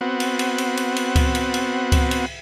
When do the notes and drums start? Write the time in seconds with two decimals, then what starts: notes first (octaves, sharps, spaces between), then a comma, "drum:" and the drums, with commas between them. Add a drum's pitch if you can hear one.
0.01 B3 C4 F#4
0.20 drum: cymbal
0.39 drum: cymbal
0.58 drum: cymbal
0.77 drum: cymbal
0.96 drum: cymbal
1.16 drum: kick C#2, cymbal
1.35 drum: cymbal
1.54 drum: cymbal
1.92 drum: kick C#2, cymbal
2.11 drum: cymbal